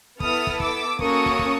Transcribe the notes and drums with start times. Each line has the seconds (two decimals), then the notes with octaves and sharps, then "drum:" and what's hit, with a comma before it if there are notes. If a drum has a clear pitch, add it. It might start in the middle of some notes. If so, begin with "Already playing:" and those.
0.20 B3 E4 A4 D#6 F6, drum: kick
0.47 drum: kick
0.60 D6 E6, drum: kick
0.99 A#3 C#4 F#4 A4 C#6 D#6, drum: kick
1.26 drum: kick
1.39 drum: kick